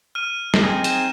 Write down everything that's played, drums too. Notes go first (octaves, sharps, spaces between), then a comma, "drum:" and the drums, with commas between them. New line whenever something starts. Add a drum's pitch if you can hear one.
F6 D#7
drum: snare
C4 D#4 G#4
E7, drum: hi-hat